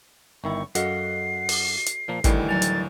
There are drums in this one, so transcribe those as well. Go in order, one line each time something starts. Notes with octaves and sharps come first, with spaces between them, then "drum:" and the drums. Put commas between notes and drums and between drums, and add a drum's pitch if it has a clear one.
G1 D#3 E4 C#6
F#2 F#4 A4 D#5 F5 F#5 C7, drum: hi-hat
drum: open hi-hat
drum: hi-hat
A#2 F3 A#3
D2 A2 D#3 E3 G3, drum: kick, hi-hat
F#3 G#5 A6 F7
drum: hi-hat